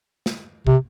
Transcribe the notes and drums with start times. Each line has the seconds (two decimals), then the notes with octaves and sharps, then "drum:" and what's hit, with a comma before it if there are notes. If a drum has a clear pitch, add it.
0.26 drum: snare
0.67 C3, drum: kick